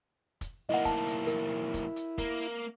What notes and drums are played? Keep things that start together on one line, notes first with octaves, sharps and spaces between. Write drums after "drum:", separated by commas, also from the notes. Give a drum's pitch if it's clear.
drum: kick F1, hi-hat
B1 A#3 E4 D#5 F#5
A5, drum: kick F1, hi-hat
drum: hi-hat
A#4, drum: hi-hat
drum: kick F1, hi-hat
drum: hi-hat
A#3, drum: kick F1, hi-hat
drum: hi-hat